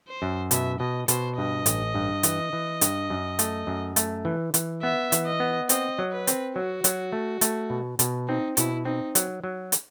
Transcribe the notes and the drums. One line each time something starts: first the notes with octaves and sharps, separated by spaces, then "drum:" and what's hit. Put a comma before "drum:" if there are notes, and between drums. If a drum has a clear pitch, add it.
C5
F#2
B2 E5, drum: hi-hat
B2 D#5
B2 C5, drum: hi-hat
G2 D#5
A1, drum: hi-hat
G2
E3, drum: hi-hat
E3
G2, drum: hi-hat
F#2
A3, drum: hi-hat
F#2
A3, drum: hi-hat
E3
E3, drum: hi-hat
B3 E5
E3, drum: hi-hat
D#5
B3
C4 D#5, drum: hi-hat
F#3
B4
C4, drum: hi-hat
F#3 F#4
F#3, drum: hi-hat
A3
A3, drum: hi-hat
B2
B2, drum: hi-hat
C4 D#4
B2 E4, drum: hi-hat
C4 D#4
F#3, drum: hi-hat
F#3
drum: hi-hat